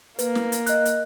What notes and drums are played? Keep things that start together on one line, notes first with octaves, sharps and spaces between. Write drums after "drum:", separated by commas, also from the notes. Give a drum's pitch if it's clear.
A#3 B4, drum: hi-hat
drum: snare
drum: hi-hat
D#5 F#6, drum: hi-hat
drum: hi-hat